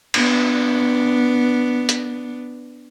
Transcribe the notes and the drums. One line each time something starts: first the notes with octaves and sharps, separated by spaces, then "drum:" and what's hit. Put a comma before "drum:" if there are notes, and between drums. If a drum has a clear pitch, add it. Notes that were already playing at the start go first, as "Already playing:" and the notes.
B3 D4, drum: cymbal
drum: hi-hat